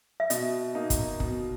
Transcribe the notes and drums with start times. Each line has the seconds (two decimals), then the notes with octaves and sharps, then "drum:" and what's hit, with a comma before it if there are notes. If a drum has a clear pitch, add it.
0.20 E5
0.30 B2 D#5, drum: hi-hat
0.75 A#3 D#4
0.90 drum: kick, hi-hat
1.20 B2, drum: kick